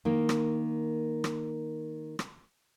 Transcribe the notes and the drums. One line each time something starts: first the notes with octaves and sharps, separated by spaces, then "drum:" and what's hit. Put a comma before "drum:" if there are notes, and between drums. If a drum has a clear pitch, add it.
D#3 A#3
drum: rim click
drum: rim click
drum: rim click